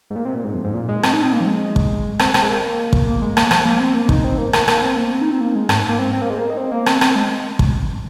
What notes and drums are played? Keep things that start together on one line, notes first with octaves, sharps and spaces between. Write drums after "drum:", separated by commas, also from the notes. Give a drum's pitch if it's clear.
G#2
A#2
C3
A#2
G#2
F2
G#2
A#2
G#3
C4, drum: rim click
D#4
C4
A#3
F3
G#3
drum: kick
C4, drum: rim click
C4, drum: rim click
G#3
A#3
drum: kick
A#3
G#3
A#3, drum: rim click
F3, drum: rim click
A#3
C4
A#3
D#4, drum: kick
C4
A#3
A#3, drum: rim click
A#3, drum: rim click
C4
A#3
C4
D#4
C4
A#3
G#3
G#2, drum: rim click
A#3
C4
C4
A#3
G#3
A#3
D#4
C4
A#3
C4, drum: rim click
C4, drum: rim click
G#3
drum: kick